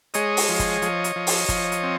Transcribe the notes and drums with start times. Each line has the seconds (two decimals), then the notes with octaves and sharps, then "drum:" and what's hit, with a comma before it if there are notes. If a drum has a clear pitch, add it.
0.14 G#3 C#5 D#5, drum: hi-hat
0.37 drum: open hi-hat
0.49 F3
0.59 drum: kick, hi-hat
0.82 F3, drum: hi-hat
1.04 drum: hi-hat
1.16 F3
1.27 drum: open hi-hat
1.49 F3, drum: kick, hi-hat
1.72 drum: hi-hat
1.83 C4